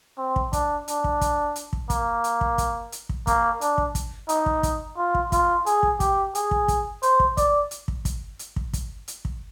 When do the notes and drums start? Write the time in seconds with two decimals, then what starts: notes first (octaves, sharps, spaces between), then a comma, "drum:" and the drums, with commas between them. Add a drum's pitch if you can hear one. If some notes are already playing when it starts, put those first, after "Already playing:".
0.18 C4
0.36 drum: kick
0.53 D4, drum: kick, hi-hat
0.88 D4, drum: hi-hat
1.04 drum: kick
1.21 drum: kick, hi-hat
1.56 drum: hi-hat
1.73 drum: kick
1.90 A#3, drum: kick, hi-hat
2.24 drum: hi-hat
2.41 drum: kick
2.58 drum: kick, hi-hat
2.92 drum: hi-hat
3.09 drum: kick
3.27 A#3, drum: kick, hi-hat
3.61 D4, drum: hi-hat
3.78 drum: kick
3.95 drum: kick, hi-hat
4.29 D#4, drum: hi-hat
4.46 drum: kick
4.63 drum: kick, hi-hat
4.98 F4
5.15 drum: kick
5.32 F4, drum: kick, hi-hat
5.66 G#4, drum: hi-hat
5.83 drum: kick
6.00 G4, drum: kick, hi-hat
6.35 G#4, drum: hi-hat
6.51 drum: kick
6.68 drum: kick, hi-hat
7.03 C5, drum: hi-hat
7.20 drum: kick
7.37 D5, drum: kick, hi-hat
7.71 drum: hi-hat
7.88 drum: kick
8.05 drum: kick, hi-hat
8.39 drum: hi-hat
8.56 drum: kick
8.73 drum: kick, hi-hat
9.08 drum: hi-hat
9.25 drum: kick